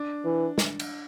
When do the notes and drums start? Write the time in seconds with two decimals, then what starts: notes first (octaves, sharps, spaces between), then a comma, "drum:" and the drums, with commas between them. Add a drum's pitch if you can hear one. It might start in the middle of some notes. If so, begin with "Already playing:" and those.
Already playing: D4
0.25 E3
0.58 drum: snare
0.80 drum: cymbal